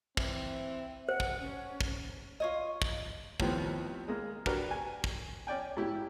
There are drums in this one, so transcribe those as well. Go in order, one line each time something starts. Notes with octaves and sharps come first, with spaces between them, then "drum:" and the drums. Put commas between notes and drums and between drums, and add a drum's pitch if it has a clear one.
E3 C4, drum: kick
C5 F#5
drum: kick
C#4
drum: kick
F4 C#5 D#5
drum: kick
D#2 A2 F3 B3 C4, drum: kick
G#3 A#3
D4 F#4 G4 A#4 B4, drum: kick
G#5
drum: kick
C#4 D5 G5 G#5
G#2 E4 G4